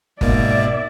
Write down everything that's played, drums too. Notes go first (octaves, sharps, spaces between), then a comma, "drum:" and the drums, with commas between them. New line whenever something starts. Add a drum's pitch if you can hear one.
G#2 B2 A#3 D5 E5, drum: kick G1